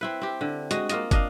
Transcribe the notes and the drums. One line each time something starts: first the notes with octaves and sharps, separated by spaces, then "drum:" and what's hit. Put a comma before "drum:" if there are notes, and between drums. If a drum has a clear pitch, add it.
C4 E4 B4
C4 G4
D3
G#3 F#4 D#5, drum: hi-hat
A#3 F4 D#5, drum: hi-hat
D4 D#5 F5, drum: kick, hi-hat